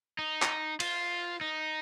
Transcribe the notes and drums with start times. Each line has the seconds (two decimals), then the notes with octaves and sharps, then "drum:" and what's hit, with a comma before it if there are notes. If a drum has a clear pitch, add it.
0.19 D#4
0.42 drum: clap
0.80 F4, drum: cymbal
1.41 D#4